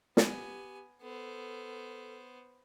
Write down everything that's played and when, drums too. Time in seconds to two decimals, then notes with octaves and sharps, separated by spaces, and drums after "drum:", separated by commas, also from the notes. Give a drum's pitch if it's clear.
0.17 B3 G4 G#5, drum: snare
1.02 B3 A4 C5